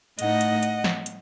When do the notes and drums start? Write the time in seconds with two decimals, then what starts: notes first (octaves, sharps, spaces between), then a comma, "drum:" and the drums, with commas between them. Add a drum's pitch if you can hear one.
0.19 A2 A3 D#4 D#5 F#5, drum: hi-hat
0.41 drum: hi-hat
0.63 drum: hi-hat
0.84 drum: snare
1.06 drum: hi-hat